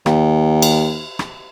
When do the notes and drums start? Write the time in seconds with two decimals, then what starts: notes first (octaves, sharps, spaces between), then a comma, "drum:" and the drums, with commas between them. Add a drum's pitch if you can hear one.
0.06 D#2, drum: rim click
0.62 drum: cymbal
1.19 drum: rim click